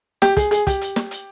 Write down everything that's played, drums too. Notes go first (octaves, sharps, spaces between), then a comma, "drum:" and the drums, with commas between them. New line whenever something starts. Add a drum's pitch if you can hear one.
G4, drum: snare
G#4, drum: kick, hi-hat
G#4, drum: hi-hat
G4, drum: kick, hi-hat
drum: hi-hat
drum: snare
drum: hi-hat